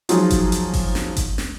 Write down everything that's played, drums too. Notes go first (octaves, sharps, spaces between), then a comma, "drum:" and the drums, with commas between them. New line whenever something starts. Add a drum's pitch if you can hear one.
F3 F#3 G#3 D#4 F4 G#4, drum: hi-hat
drum: kick G1, hi-hat
drum: hi-hat
drum: kick G1, open hi-hat
drum: snare
drum: kick G1, hi-hat
drum: snare